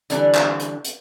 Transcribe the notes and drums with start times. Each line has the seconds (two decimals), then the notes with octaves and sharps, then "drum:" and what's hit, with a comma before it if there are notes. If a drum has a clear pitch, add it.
0.10 D3 E3 G3 D4 B4, drum: hi-hat
0.35 drum: clap
0.60 drum: hi-hat
0.85 drum: hi-hat